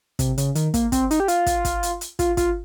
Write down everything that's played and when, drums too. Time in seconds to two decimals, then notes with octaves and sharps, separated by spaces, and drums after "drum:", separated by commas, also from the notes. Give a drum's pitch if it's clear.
0.19 C3, drum: kick, hi-hat
0.38 C#3, drum: hi-hat
0.55 D#3, drum: hi-hat
0.74 A#3, drum: kick, hi-hat
0.92 C4, drum: kick, hi-hat
1.11 D#4, drum: hi-hat
1.20 G4
1.28 F4, drum: hi-hat
1.46 drum: kick, hi-hat
1.65 drum: kick, hi-hat
1.83 drum: hi-hat
2.01 drum: hi-hat
2.19 F4, drum: kick, hi-hat
2.37 F4, drum: kick, hi-hat